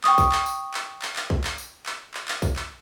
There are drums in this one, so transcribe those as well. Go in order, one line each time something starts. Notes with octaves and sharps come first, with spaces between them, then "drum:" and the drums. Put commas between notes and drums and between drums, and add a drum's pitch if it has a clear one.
G5 C#6 D#6, drum: clap
drum: kick B1, tambourine
drum: clap
drum: tambourine
drum: clap
drum: clap
drum: clap
drum: kick B1
drum: clap
drum: tambourine
drum: clap
drum: clap
drum: clap
drum: kick B1, tambourine
drum: clap